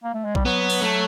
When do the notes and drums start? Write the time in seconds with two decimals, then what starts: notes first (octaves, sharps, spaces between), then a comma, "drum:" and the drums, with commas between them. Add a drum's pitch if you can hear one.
0.03 A#3
0.14 A3
0.25 G#3
0.35 G3, drum: kick B1
0.45 F#3 B3
0.70 drum: open hi-hat
0.81 A3